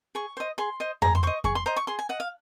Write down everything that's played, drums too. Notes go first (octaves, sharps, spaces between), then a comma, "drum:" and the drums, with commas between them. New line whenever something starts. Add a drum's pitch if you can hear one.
G#4 C#6
C5 D#5
G#4 C6
C5 D#5
G#4 A#5, drum: tom F2
C6
C5 D#5 C#6
G#4 C#6, drum: kick F2
C6
C5 D#5 A#5
C#6
G#4 C6
G#5
D#5 F#5
F5